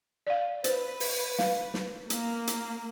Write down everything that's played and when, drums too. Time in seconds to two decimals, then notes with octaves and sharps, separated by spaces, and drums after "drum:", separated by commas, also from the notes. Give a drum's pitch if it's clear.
0.27 D5 F5
0.64 B4 C5, drum: hi-hat
1.00 drum: open hi-hat
1.39 F5, drum: snare
1.74 drum: snare
2.10 A#3, drum: hi-hat
2.47 drum: hi-hat